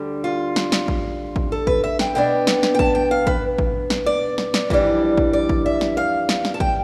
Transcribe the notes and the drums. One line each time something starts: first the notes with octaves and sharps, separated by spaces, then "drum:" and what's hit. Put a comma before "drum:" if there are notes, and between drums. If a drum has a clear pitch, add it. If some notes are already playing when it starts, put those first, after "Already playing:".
Already playing: D2 D3 G3
F4
drum: snare
drum: snare
drum: kick A1
drum: kick A1
A4
B4, drum: kick A1
E5
G5, drum: snare
B2 B3 D4 G5
drum: snare
drum: snare
G5
A5, drum: kick A1
G5
F5
B4, drum: kick A1
drum: kick A1
drum: snare
D5
drum: snare
drum: snare
F2 E3 G3 D4, drum: kick A1
drum: kick A1
D5
drum: kick A1
E5
drum: snare
F5
drum: snare
drum: snare
A5
G5, drum: kick A1